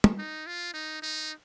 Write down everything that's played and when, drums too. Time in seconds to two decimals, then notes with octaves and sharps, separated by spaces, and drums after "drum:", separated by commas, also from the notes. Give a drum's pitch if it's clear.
0.04 drum: tom
0.18 D#4
0.46 F4
0.74 D#4
1.02 D#4